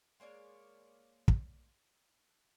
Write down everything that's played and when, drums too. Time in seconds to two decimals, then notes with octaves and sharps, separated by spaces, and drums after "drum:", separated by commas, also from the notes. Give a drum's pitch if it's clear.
0.20 G#3 A#3 C#5 D5
1.28 drum: kick